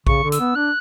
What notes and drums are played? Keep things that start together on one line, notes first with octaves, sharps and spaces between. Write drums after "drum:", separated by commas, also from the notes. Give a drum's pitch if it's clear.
C#3 C#6, drum: kick A#1
D3
E6, drum: hi-hat
B3
D4 F#6